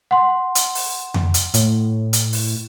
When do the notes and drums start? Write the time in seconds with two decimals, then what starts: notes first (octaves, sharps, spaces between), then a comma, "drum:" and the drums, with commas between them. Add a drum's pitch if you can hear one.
0.11 F#5 C6
0.55 drum: hi-hat
0.75 drum: open hi-hat
1.14 drum: tom F2
1.34 drum: hi-hat
1.54 A2, drum: hi-hat
2.13 drum: hi-hat
2.33 drum: open hi-hat